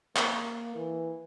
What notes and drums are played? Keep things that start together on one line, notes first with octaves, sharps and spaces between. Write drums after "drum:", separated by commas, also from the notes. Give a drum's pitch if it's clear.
A#3, drum: clap
E3